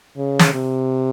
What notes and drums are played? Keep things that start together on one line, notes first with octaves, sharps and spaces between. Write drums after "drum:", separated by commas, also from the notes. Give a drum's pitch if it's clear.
C#3
drum: snare
C3